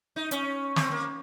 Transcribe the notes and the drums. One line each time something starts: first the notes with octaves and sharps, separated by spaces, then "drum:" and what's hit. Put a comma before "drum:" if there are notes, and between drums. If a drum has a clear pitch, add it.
D#4
C#4, drum: hi-hat
C4, drum: snare
A#3